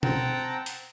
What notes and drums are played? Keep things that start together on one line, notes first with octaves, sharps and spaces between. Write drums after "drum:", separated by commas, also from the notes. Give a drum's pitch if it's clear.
C4 F#5 G5 A5 A#5, drum: tom B2
drum: hi-hat